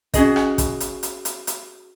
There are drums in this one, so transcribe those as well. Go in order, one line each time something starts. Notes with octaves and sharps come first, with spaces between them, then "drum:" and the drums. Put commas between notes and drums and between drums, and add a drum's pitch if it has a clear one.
C#4 F#4 G#4 D#5, drum: kick, hi-hat
drum: rim click
drum: kick, hi-hat
drum: hi-hat
drum: hi-hat
drum: hi-hat
drum: hi-hat